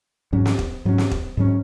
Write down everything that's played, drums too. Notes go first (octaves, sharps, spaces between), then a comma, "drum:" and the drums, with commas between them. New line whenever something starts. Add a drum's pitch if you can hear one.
G#2 F#3 C#4
drum: snare
drum: kick E1
G#2 F#3 C#4
drum: snare
drum: kick E1
G#2 F#3 C#4